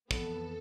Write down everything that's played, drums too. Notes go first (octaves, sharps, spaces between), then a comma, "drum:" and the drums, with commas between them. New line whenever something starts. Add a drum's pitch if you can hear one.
F2 E3 B3 A4, drum: kick